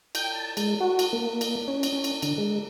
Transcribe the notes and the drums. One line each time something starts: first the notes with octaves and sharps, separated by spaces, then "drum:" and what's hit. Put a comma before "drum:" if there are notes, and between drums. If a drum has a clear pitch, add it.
G5, drum: cymbal
A5
G#3, drum: cymbal
F#4
drum: cymbal
A#3
drum: cymbal
C#4
drum: cymbal
C#4
drum: cymbal
D3, drum: cymbal
G#3